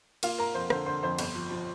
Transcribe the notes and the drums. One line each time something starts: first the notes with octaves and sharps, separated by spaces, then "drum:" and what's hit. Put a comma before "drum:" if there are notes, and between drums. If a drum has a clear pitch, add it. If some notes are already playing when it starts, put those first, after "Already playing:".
A#3 F4 F5, drum: cymbal
A#3 A#4 A#5
F2 C5 C6
D3 C5 C6, drum: rim click
D3 C5 C6
F2 C5 C6
G1, drum: cymbal
F3
F3